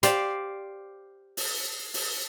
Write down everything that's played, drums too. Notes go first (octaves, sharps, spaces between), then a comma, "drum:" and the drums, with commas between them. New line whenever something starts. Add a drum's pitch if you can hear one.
G4 C5 D5 F5, drum: hi-hat
drum: open hi-hat
drum: open hi-hat